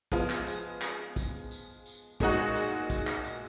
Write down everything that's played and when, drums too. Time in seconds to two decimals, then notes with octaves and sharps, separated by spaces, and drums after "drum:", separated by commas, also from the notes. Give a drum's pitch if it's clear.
0.12 F3 G#3 B3 F4, drum: kick, tambourine
0.29 drum: clap
0.47 drum: tambourine
0.82 drum: clap
1.16 drum: kick, tambourine
1.51 drum: tambourine
1.86 drum: tambourine
2.20 A#2 G#3 D#4 F#4, drum: kick, tambourine
2.55 drum: tambourine
2.90 drum: kick, tambourine
3.07 drum: clap
3.25 drum: tambourine